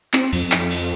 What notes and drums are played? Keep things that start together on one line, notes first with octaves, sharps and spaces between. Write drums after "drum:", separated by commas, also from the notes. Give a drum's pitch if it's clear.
C4, drum: clap
F2, drum: cymbal
drum: clap
drum: cymbal